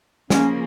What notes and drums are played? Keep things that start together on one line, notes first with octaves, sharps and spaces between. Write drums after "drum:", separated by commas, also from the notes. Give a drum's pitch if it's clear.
C#3 F3 A#3 C#4, drum: snare